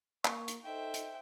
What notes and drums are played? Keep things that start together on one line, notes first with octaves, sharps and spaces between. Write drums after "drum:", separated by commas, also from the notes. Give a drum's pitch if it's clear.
A#3 C#6, drum: clap
drum: hi-hat
D#4 A4 C5 E5 G5
drum: hi-hat